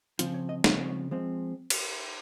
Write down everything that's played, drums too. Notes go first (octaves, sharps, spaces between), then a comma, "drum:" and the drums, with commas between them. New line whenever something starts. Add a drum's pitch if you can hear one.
C#3 F3 C4 F4, drum: hi-hat
C#5
D#5
C#3 F3 C4 C#5, drum: snare
F3 G#3 C4
drum: cymbal